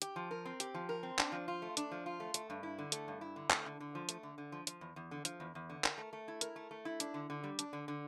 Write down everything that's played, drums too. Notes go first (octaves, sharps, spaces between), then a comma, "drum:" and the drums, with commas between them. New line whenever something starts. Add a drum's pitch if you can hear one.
G4, drum: hi-hat
F3
A#4
C4
G4, drum: hi-hat
F3
A#4
C4
D4, drum: clap
F3
F4
A3
D4, drum: hi-hat
F3
F4
A3
A3, drum: hi-hat
G2
E4
D3
A3, drum: hi-hat
G2
E4
D3
A3, drum: clap
D3
D3
F3
A3, drum: hi-hat
D3
D3
F3
F3, drum: hi-hat
E2
E2
D3
F3, drum: hi-hat
E2
E2
D3
A#4, drum: clap
A3
A3
E4
A#4, drum: hi-hat
A3
A3
E4
D4, drum: hi-hat
D3
D3
G3
D4, drum: hi-hat
D3
D3